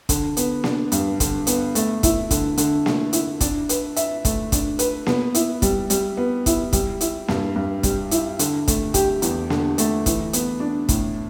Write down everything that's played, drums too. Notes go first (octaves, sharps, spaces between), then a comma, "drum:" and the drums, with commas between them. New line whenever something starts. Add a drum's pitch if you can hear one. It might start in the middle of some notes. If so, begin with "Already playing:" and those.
D3, drum: kick, hi-hat
B3, drum: hi-hat
D4, drum: snare A#3
G2, drum: hi-hat
D3, drum: kick, hi-hat
B3, drum: hi-hat
A3, drum: hi-hat
E4, drum: kick, hi-hat
D3, drum: kick, hi-hat
D3, drum: hi-hat
A3, drum: snare A#3
E4, drum: hi-hat
D4, drum: kick, hi-hat
B4, drum: hi-hat
E5, drum: hi-hat
A3, drum: kick, hi-hat
D4, drum: kick, hi-hat
B4, drum: hi-hat
B3, drum: snare A#3
E4, drum: hi-hat
G3, drum: kick, hi-hat
G3, drum: hi-hat
B3
E4, drum: kick, hi-hat
G3, drum: kick, hi-hat
E4, drum: hi-hat
G2, drum: snare A#3
G2
G3, drum: kick, hi-hat
E4, drum: hi-hat
D3, drum: hi-hat
A3, drum: kick, hi-hat
G4, drum: kick, hi-hat
E2, drum: hi-hat
D3, drum: snare A#3
A3, drum: hi-hat
E3, drum: kick, hi-hat
B3, drum: hi-hat
D4
A2, drum: kick, hi-hat